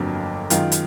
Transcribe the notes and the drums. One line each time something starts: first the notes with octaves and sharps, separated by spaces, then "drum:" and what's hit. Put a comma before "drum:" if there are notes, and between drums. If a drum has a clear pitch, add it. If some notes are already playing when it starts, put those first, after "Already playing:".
Already playing: G1 F2 D3 F#3 A#3
F#2 D#3 G#3 F4, drum: hi-hat
drum: hi-hat